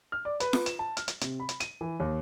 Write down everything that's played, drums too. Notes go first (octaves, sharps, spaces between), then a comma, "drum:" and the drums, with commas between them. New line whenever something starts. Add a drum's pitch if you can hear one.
F6
D5
B4, drum: hi-hat
drum: snare F4
E7, drum: hi-hat
A5
F6, drum: hi-hat
drum: hi-hat
C3, drum: hi-hat
B5
drum: hi-hat
D#7, drum: hi-hat
E3
D#2